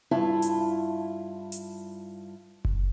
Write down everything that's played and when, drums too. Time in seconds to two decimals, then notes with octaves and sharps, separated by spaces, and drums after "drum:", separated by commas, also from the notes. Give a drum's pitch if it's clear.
0.11 G2 E4 F4 A5
0.42 drum: hi-hat
1.52 drum: hi-hat
2.65 drum: kick F#1